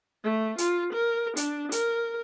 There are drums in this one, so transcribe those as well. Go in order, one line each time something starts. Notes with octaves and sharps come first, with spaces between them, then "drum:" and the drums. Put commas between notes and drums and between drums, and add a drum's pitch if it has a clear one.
A3
F4, drum: hi-hat
A#4
D4, drum: hi-hat
A#4, drum: hi-hat